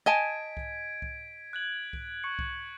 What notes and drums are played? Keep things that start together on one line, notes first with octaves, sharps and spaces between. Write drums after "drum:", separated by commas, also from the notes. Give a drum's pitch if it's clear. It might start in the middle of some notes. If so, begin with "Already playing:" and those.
D#5 G#5 A5 G#6 B6 D7
drum: kick C2
drum: kick C2
F#6 G#6 F#7
drum: kick C2
C#6 C#7
drum: kick C2